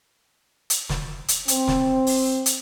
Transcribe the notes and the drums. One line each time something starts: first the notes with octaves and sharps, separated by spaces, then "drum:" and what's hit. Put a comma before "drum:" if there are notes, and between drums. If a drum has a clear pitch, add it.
drum: hi-hat
drum: snare
drum: hi-hat
C4, drum: hi-hat
drum: snare
drum: open hi-hat
drum: hi-hat